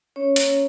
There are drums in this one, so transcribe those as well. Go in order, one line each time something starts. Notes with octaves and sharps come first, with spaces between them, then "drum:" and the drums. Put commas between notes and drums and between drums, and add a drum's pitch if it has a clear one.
C#4 C#5
A#3, drum: hi-hat